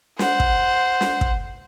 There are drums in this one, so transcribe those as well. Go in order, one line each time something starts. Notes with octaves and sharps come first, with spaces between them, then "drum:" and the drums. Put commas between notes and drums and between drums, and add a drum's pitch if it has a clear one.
C5 F#5, drum: snare
drum: kick
drum: snare
drum: kick